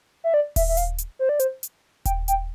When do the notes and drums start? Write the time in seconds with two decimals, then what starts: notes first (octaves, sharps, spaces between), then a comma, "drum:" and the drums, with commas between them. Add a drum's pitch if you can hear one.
0.24 E5
0.34 D5
0.56 E5, drum: kick D#1, open hi-hat
0.68 E5
0.77 F5, drum: hi-hat
0.98 drum: hi-hat
1.19 C5
1.29 D5
1.40 C5, drum: hi-hat
1.63 drum: hi-hat
2.05 G5, drum: kick D#1, hi-hat
2.28 G5, drum: hi-hat